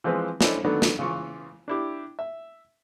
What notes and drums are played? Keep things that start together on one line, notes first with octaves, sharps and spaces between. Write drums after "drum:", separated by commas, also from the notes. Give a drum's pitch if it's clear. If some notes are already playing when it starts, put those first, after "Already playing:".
E3 F3 G#3 C4 B4
C#4 D4 E4 A4 C5 D#5, drum: snare
D3 D#3 F#3 A3 B3 D4
drum: snare
C#3 E3 F4 C#6 D6
D4 E4 G4
E5